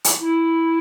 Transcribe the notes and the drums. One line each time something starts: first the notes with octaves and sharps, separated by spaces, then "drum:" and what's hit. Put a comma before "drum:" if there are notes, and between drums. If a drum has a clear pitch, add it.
drum: hi-hat
E4